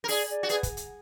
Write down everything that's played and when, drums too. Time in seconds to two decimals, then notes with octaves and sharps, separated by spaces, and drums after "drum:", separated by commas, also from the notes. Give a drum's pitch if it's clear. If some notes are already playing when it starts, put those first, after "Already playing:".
0.04 A#4
0.08 G#4 D5, drum: open hi-hat
0.29 D5
0.43 F#4
0.49 G#4 B4, drum: hi-hat
0.63 drum: kick, hi-hat
0.77 drum: hi-hat